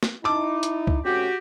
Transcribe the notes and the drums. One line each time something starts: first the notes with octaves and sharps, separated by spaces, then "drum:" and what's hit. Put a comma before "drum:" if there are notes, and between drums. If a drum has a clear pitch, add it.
drum: snare
D#4 E4 A5 D6
drum: hi-hat
drum: kick
C3 A3 C#4 F#4 G4